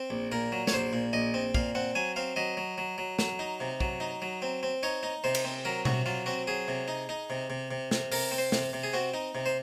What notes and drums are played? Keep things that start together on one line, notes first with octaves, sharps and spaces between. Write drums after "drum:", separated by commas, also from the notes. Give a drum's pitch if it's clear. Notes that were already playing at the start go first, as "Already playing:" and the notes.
Already playing: C4
A#1
A#2 A#4
F#3
C#5, drum: snare
A#1 C5
A#2
A#1 D#5
C4
A#2 F5, drum: kick
C4 F#5
F#3 G#5
C4 F5
F#3 D#5
F#3
F#3
F#3
F#3, drum: snare
D#4
C3
F#3, drum: kick
D#4
F#3
C4
C4
D#4 C#5
D#4
C3 C5
drum: cymbal
C4
F#3 A#4
C3 F#4, drum: tom B2
F#3 F4
C4 F#4
F#3 G#4
C3
D#4
D#4
C3
C3
C3
C3, drum: snare
C3 A#4, drum: open hi-hat
C4
C5
C3, drum: snare
C3
G#4
C4 F#4
D#4
C3
C5